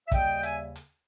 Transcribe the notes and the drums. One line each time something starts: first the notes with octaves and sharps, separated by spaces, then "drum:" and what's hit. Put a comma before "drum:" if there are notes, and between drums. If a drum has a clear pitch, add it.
E5
D#2 C#3 G3 D#5 G5, drum: kick, hi-hat
E5 G#5, drum: hi-hat
drum: hi-hat